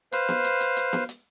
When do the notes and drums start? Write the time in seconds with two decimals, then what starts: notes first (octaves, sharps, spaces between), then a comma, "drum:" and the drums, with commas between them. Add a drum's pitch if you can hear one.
0.12 B4 C5 F5, drum: hi-hat
0.29 drum: snare B3
0.45 drum: hi-hat
0.61 drum: hi-hat
0.77 drum: hi-hat
0.93 drum: snare B3
1.09 drum: hi-hat